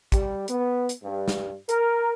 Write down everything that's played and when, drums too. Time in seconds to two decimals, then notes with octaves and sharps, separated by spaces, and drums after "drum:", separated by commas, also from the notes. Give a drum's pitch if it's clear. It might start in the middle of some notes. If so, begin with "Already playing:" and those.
0.12 G3, drum: kick, hi-hat
0.48 B3, drum: hi-hat
0.89 drum: hi-hat
1.03 G2
1.28 drum: snare
1.69 A#4, drum: hi-hat